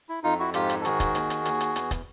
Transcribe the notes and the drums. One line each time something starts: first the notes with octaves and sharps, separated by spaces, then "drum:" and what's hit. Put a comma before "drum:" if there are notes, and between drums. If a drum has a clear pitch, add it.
E4
F2 D#4 F4
E4 F#4
G#2 F4 G4, drum: hi-hat
drum: hi-hat
A4
D#3 F#4 G#4, drum: hi-hat
drum: kick, hi-hat
D#2, drum: hi-hat
drum: hi-hat
D#2, drum: hi-hat
drum: hi-hat
E2, drum: hi-hat
drum: kick, hi-hat